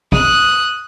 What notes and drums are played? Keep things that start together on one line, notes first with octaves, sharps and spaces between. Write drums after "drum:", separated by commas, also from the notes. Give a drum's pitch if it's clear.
D#6 F#6, drum: kick